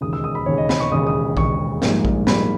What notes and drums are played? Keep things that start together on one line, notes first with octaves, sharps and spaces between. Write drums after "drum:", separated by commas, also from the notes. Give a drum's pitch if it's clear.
E1 D#2 C#3 D#6
E6
D#6
B5
E1 D#2 C#3 C#5
D#5
B5, drum: snare
C#6
E1 D#2 C#3 D#6
D#6
E1 D#2 C#3 C#6, drum: kick A#1
A#1 G#2 G3 A#3, drum: snare
drum: kick A#1
A#1 G#2 G3 A#3 B5, drum: snare